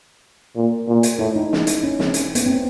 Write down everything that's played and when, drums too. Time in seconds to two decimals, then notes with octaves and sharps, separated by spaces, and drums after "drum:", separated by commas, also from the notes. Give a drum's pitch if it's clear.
0.56 A#2
0.88 A#2
1.03 drum: hi-hat
1.19 A2 E4
1.36 D#4
1.53 drum: snare
1.67 drum: hi-hat
1.83 C#4
2.00 C4, drum: snare
2.14 drum: hi-hat
2.35 B3, drum: hi-hat
2.46 C4